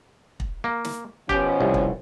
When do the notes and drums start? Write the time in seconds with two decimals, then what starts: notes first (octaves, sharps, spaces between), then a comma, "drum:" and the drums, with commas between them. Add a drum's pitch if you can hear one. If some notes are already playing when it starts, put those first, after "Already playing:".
0.40 drum: kick
0.64 A#3
0.85 drum: snare
1.29 B2 F3 C#4 G4 G5, drum: kick
1.61 C2
1.74 drum: kick